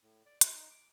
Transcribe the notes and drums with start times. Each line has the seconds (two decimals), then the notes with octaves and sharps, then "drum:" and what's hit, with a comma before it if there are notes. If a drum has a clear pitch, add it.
0.03 A2
0.26 D5
0.41 F#3, drum: hi-hat
0.54 D#4
0.70 D6